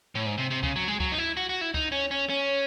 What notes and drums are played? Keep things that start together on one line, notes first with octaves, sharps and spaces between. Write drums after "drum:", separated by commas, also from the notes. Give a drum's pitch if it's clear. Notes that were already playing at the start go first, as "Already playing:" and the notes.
A2
G#2
C3
C3
C#3, drum: kick C#2
F#3
G#3
F#3, drum: kick C#2
D#4
E4
F#4
F#4
E4
D#4, drum: kick C#2
C#4
C#4
C#4